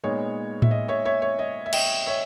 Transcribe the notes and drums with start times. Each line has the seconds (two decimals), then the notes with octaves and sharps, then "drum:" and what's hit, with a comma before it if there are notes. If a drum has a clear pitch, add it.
0.04 A#2 G#3 B3 D#4 C#5
0.62 E5, drum: tom A2
0.71 D#5
0.88 C#5 E5
1.05 C#5 E5
1.22 C#5
1.39 D#5
1.66 E5
1.73 D#5 G5, drum: cymbal
2.07 C#5 E5